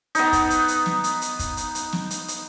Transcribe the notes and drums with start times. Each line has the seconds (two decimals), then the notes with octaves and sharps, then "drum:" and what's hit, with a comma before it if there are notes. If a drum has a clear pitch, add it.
0.15 B3 D#4, drum: hi-hat
0.33 drum: kick, hi-hat
0.50 drum: hi-hat
0.68 drum: hi-hat
0.86 drum: snare
1.04 drum: hi-hat
1.22 drum: hi-hat
1.39 drum: kick, hi-hat
1.57 drum: hi-hat
1.75 drum: hi-hat
1.93 drum: snare
2.11 drum: hi-hat
2.28 drum: hi-hat